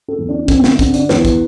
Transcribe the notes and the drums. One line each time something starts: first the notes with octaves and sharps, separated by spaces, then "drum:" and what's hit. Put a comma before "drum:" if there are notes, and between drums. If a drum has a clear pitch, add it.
A4
E2
D4
D4
D3 C4, drum: kick, hi-hat
B3
C4, drum: snare
D3 C4, drum: kick, hi-hat
D4, drum: hi-hat
E2 B4, drum: snare
drum: kick, hi-hat